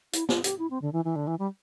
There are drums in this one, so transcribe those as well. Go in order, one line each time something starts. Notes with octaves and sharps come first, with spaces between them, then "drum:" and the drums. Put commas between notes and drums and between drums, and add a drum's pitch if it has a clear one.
E4, drum: hi-hat
F4, drum: snare
G4, drum: hi-hat
E4
C4
D3
E3
E3
D3
E3
G3